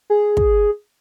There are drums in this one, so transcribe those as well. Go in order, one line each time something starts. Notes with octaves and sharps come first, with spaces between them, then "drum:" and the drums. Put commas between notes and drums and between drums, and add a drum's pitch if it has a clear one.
G#4
drum: kick